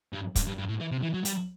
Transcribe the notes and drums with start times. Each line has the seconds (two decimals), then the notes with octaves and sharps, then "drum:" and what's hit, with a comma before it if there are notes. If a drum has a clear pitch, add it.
0.13 G2
0.36 G2, drum: kick, hi-hat
0.46 G2
0.58 G2
0.69 A2
0.80 E3
0.91 C3
1.02 E3
1.14 F#3
1.25 G3, drum: hi-hat